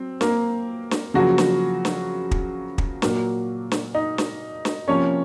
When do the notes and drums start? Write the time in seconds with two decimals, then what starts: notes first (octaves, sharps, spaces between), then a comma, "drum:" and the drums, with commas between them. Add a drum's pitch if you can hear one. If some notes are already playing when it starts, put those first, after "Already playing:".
Already playing: F#3 C4
0.21 A#3 A#4, drum: snare
0.91 drum: snare
1.14 C#3 F3 F#3 A#3 F#4
1.38 drum: snare
1.85 drum: snare
2.31 drum: kick
2.78 drum: kick
3.02 A#2 F#3 A#3, drum: snare
3.72 drum: snare
3.95 D#4
4.18 drum: snare
4.65 drum: snare
4.88 C3 F3 A#3 C#4 C#5